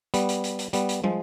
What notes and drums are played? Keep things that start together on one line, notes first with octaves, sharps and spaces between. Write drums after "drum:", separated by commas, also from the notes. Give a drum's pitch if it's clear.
G3 B3, drum: hi-hat
drum: hi-hat
drum: hi-hat
drum: hi-hat
G3 B3, drum: hi-hat
drum: hi-hat
F3 G#3, drum: tom